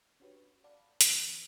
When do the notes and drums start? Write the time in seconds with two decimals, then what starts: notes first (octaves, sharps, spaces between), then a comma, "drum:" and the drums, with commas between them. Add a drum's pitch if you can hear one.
0.20 C#4 D4 F#4 G4 B4 C#5
0.64 D5 F5 F#5 A5 B5
1.01 D3 E3 A#3 C4, drum: hi-hat